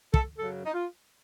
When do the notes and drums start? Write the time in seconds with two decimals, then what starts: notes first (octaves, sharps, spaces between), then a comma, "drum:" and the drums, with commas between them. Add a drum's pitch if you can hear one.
0.14 A4, drum: kick
0.38 F#2 C#3 F#3 A4
0.66 D#4
0.74 F4